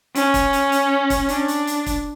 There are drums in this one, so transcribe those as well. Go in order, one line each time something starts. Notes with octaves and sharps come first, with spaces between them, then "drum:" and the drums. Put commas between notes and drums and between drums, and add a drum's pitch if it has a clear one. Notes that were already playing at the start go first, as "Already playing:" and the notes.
C#4, drum: hi-hat
drum: kick, hi-hat
drum: hi-hat
drum: hi-hat
drum: kick, hi-hat
D4, drum: hi-hat
drum: hi-hat
drum: hi-hat
drum: kick, hi-hat